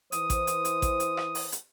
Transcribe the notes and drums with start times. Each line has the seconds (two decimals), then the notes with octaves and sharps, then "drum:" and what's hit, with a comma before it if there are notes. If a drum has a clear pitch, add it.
0.12 E3 C5 D#6, drum: hi-hat
0.30 drum: kick A1, hi-hat
0.47 drum: hi-hat
0.65 drum: hi-hat
0.82 drum: kick A1, hi-hat
1.00 drum: hi-hat
1.17 drum: rim click
1.35 drum: open hi-hat
1.52 drum: hi-hat